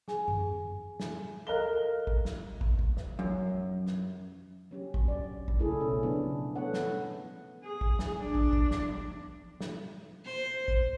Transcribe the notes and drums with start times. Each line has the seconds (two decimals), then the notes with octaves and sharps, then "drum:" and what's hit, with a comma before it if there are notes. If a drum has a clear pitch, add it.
0.08 G#4 G#5, drum: snare
0.28 drum: tom F#2
1.00 drum: snare
1.47 A4 A#4 D#5 F5 F#6 G7
2.07 drum: kick
2.25 drum: snare
2.61 drum: kick
2.79 drum: kick
2.97 drum: snare
3.19 F#2
3.87 drum: snare
4.71 F#3 C#4 G4
4.94 drum: kick
5.08 D5
5.48 drum: kick
5.59 C#3 A3 E4 G#4 A4
5.80 B2 C#4
6.03 F3 F#3 B3 C#4 D4, drum: tom C#3
6.56 A3 B3 A4 C#5 F#5
6.74 drum: snare
7.64 G#4
7.81 drum: kick
7.99 drum: snare
8.20 D4
8.35 drum: kick
8.53 drum: kick
8.71 drum: snare
8.89 drum: tom F3
9.60 drum: snare
10.25 C5
10.68 drum: kick